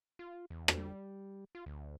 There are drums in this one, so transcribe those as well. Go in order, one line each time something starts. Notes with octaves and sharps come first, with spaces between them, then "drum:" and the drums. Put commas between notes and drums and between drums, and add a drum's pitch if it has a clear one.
F4
E2
drum: rim click
G3
F4
D2